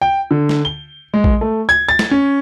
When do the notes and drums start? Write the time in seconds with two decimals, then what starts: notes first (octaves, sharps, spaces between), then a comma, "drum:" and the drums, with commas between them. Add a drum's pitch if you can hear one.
0.01 G5
0.31 D3
0.49 drum: snare
0.65 G7
1.14 G#3
1.24 drum: kick A#1
1.41 A3
1.69 G#6
1.89 A6
1.99 drum: snare
2.11 C#4